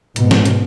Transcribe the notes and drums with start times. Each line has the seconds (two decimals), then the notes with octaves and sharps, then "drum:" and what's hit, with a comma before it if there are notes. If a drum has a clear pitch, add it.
0.16 G#2 B2, drum: hi-hat
0.31 drum: snare
0.45 drum: hi-hat